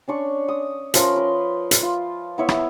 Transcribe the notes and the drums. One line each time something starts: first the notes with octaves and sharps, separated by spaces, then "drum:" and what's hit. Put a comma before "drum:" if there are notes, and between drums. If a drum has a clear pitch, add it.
C#4 D4 C#6
D#6
F3 C#4 F4 A#4, drum: hi-hat
B4 C6
drum: hi-hat
F4
B3 E4 C#5 E5
drum: rim click